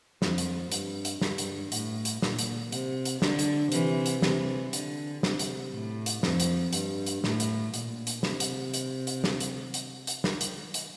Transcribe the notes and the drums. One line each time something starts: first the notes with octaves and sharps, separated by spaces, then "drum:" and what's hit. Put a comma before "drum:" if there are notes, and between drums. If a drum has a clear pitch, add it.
F2, drum: snare
drum: hi-hat
G2, drum: hi-hat
drum: hi-hat
G2, drum: snare
drum: hi-hat
A2, drum: hi-hat
drum: hi-hat
A#2, drum: snare
drum: hi-hat
C3, drum: hi-hat
drum: hi-hat
D3, drum: snare
drum: hi-hat
C3 E3, drum: hi-hat
drum: hi-hat
C3 E3, drum: snare
D3, drum: hi-hat
C3, drum: snare
drum: hi-hat
A2
drum: hi-hat
F2, drum: snare
drum: hi-hat
G2, drum: hi-hat
drum: hi-hat
A2, drum: snare
drum: hi-hat
A#2, drum: hi-hat
drum: hi-hat
C3, drum: snare
drum: hi-hat
drum: hi-hat
drum: hi-hat
drum: snare
drum: hi-hat
drum: hi-hat
drum: hi-hat
drum: snare
drum: hi-hat
drum: hi-hat